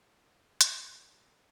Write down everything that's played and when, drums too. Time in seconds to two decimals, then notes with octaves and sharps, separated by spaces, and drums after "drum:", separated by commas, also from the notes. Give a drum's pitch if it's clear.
0.16 D2 B2 C5 G5
0.61 drum: hi-hat